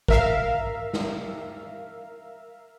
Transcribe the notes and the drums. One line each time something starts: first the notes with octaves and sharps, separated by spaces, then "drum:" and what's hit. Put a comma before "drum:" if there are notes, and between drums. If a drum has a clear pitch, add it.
A#4 E5 F5, drum: kick
drum: snare